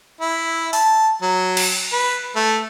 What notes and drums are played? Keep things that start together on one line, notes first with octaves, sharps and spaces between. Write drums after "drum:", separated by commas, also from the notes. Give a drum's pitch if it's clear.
E4
A5, drum: open hi-hat
F#3
drum: cymbal
B4
A3